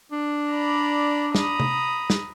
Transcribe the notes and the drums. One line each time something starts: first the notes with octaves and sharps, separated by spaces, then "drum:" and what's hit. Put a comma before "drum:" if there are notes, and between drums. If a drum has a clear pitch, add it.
D4
D5 A#5 B5
A#5 B5 D#6, drum: snare
drum: tom C3
drum: snare